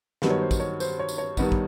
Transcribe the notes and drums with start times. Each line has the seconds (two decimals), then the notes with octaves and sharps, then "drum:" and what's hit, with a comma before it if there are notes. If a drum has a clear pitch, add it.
0.22 G2 D#3 F#3 B3, drum: snare
0.30 C#5
0.41 C5
0.51 drum: kick, tambourine
0.60 C#5
0.80 C5, drum: tambourine
0.99 C#5
1.09 drum: tambourine
1.18 C#5
1.37 G2 D#3 G3 B3 D#4, drum: kick, tambourine
1.52 drum: kick